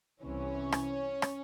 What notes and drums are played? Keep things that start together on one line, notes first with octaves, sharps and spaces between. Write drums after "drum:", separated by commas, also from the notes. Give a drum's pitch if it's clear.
C2 C3 E3 C#4
drum: rim click
drum: rim click